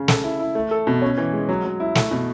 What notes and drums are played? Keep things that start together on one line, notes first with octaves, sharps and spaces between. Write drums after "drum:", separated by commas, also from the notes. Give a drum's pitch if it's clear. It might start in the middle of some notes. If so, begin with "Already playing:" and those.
Already playing: C#3
A4, drum: snare
E4
E4
A3
A4
B2
C#4
E3
G#3
F#3
F#3
E4
A3, drum: snare
B2